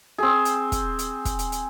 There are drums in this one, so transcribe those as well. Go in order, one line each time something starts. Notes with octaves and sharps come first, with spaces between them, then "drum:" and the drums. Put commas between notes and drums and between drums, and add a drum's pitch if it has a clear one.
C4 G#4
drum: hi-hat
drum: kick, hi-hat
drum: hi-hat
drum: kick, hi-hat
drum: hi-hat
drum: hi-hat